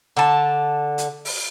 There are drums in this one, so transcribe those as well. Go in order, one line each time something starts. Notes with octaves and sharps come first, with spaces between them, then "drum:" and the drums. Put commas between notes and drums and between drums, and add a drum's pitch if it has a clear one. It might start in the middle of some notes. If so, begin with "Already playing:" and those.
D3 A5
drum: hi-hat
drum: open hi-hat